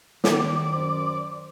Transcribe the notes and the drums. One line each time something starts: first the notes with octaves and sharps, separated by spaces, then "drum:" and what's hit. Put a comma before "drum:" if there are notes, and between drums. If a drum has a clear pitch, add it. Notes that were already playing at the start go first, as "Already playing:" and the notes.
D#3 D5, drum: snare
F#2 C5